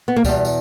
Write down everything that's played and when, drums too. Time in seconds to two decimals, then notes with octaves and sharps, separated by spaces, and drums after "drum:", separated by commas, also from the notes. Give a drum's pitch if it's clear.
0.08 B3
0.16 A#3
0.24 E2 B2 G3, drum: kick C#2, tambourine
0.45 drum: tambourine